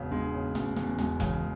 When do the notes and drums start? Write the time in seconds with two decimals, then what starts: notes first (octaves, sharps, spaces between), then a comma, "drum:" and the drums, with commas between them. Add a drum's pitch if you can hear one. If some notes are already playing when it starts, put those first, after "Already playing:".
Already playing: E1 C#3
0.11 G#3 B3 D4
0.33 C#3
0.55 E1 A3 C#4, drum: hi-hat
0.76 E2 A3 C#4, drum: hi-hat
0.99 E1 G#3 B3, drum: hi-hat
1.20 C#3 E3 G#3, drum: kick F1, hi-hat